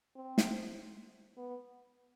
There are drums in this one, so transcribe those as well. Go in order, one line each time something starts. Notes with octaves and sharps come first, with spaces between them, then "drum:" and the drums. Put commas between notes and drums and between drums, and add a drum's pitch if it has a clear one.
C4
drum: snare
B3